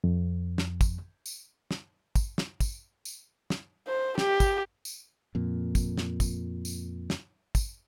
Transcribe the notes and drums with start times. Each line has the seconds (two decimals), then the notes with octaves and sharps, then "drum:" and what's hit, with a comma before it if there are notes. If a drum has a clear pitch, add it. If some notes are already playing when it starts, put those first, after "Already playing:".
0.04 F2
0.58 drum: snare
0.81 drum: kick, tambourine
1.26 drum: tambourine
1.71 drum: snare
2.16 drum: kick, tambourine
2.38 drum: snare
2.60 drum: kick, tambourine
3.05 drum: tambourine
3.50 drum: snare
3.87 C5
4.18 G4, drum: snare
4.40 drum: kick, tambourine
4.85 drum: tambourine
5.35 F2 A#2
5.75 drum: kick, tambourine
5.98 drum: snare
6.20 drum: kick, tambourine
6.65 drum: tambourine
7.10 drum: snare
7.55 drum: kick, tambourine